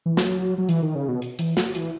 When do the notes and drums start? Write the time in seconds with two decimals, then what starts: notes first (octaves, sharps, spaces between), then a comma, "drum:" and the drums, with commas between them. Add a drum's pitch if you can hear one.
0.06 E3
0.17 F#3, drum: snare
0.58 F#3
0.69 E3, drum: hi-hat
0.83 D#3
0.95 C#3
1.08 B2
1.22 drum: hi-hat
1.39 E3, drum: hi-hat
1.57 F#3, drum: snare
1.75 E3, drum: hi-hat